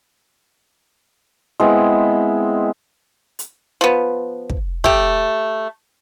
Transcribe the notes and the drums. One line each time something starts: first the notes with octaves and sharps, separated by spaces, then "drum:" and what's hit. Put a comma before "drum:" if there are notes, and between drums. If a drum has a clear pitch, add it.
G#3 B3 C4 E4
drum: hi-hat
F3 B3
drum: kick
A3 G4, drum: kick